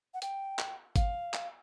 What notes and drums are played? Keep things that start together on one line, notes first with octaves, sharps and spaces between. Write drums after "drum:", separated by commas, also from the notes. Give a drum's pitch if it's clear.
F#5
G5, drum: hi-hat
drum: clap
F5, drum: kick G#1, hi-hat
drum: clap